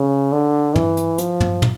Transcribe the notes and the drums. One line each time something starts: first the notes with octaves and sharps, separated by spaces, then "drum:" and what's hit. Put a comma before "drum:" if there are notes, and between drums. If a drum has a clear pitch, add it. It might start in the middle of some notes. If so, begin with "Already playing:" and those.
Already playing: C#3
D3
E3, drum: tom
drum: hi-hat
F3, drum: hi-hat
drum: tom
drum: tom